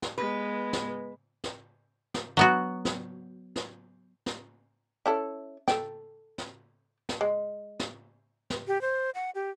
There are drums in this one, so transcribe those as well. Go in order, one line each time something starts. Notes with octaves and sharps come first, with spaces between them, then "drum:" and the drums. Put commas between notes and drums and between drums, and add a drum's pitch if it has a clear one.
drum: snare
G#3 B3 B4
drum: snare
drum: snare
drum: snare
F#3 B3 F#4
drum: snare
drum: snare
drum: snare
C#4 E4 A4
A4 G5, drum: snare
drum: snare
drum: snare
G#3
drum: snare
drum: snare
G4
C5
F#5
G4